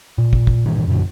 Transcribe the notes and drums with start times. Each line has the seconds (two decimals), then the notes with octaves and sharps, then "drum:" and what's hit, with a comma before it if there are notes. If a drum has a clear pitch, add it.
0.18 A#2
0.33 drum: kick
0.47 drum: kick
0.66 G2 A#2 D#3 E3
0.88 F#2 A#2 D3 F#3